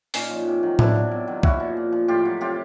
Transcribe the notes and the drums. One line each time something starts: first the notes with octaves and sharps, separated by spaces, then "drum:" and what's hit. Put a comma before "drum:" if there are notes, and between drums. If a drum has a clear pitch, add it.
A#2 C#4 D#4, drum: open hi-hat
F3
C3
D#3 F#3
B2 D4 E4, drum: tom A2
F#3
C3
D#3 F#3
A#2 E4 F#4, drum: kick C2
F3
A#2
F3
A2 F4 G4
F#3
C3 F4 G4